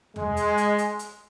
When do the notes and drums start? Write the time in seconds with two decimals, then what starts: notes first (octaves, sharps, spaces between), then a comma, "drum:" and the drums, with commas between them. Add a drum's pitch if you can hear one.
0.16 G#3, drum: tom E2
0.37 drum: hi-hat
0.57 drum: hi-hat
0.78 drum: hi-hat
0.99 drum: hi-hat